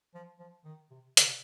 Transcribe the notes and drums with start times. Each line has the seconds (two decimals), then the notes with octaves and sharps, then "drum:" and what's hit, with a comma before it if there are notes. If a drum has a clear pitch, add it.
0.15 F3
0.39 F3
0.65 D#3
0.91 C3
1.17 D3, drum: hi-hat
1.24 C3